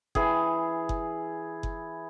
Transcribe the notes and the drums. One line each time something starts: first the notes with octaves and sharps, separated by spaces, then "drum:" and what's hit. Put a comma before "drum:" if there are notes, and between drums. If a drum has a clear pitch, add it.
E3 G#4, drum: kick F#1
drum: kick F#1
drum: kick F#1